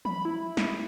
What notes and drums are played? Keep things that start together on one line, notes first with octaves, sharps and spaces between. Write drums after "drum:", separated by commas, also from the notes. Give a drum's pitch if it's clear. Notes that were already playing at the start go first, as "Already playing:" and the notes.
B5, drum: tom E3
E4
drum: snare